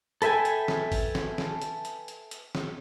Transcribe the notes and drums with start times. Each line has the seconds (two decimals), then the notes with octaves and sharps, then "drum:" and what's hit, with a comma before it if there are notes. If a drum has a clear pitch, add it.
0.22 A4 B4 E5 G5 G#5, drum: hi-hat
0.45 drum: hi-hat
0.68 drum: snare
0.92 drum: kick G#1, open hi-hat
1.15 drum: snare
1.38 drum: snare
1.62 drum: hi-hat
1.85 drum: hi-hat
2.08 drum: hi-hat
2.31 drum: hi-hat
2.55 drum: snare